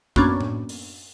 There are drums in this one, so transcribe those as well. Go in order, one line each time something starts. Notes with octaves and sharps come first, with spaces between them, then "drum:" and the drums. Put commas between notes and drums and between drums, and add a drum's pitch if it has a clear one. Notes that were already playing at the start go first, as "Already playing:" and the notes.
F#2 A#3 B3 C#4 D4, drum: kick
drum: tom A2
drum: open hi-hat